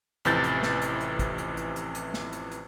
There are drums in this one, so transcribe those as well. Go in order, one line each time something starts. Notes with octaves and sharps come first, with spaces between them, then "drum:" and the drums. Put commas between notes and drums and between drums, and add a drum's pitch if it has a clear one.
A1 F2 C3 E3 G6 A6, drum: hi-hat
drum: hi-hat
drum: snare
drum: hi-hat
drum: hi-hat
drum: kick, hi-hat
drum: hi-hat
drum: hi-hat
drum: hi-hat
drum: hi-hat
drum: snare
drum: hi-hat
drum: hi-hat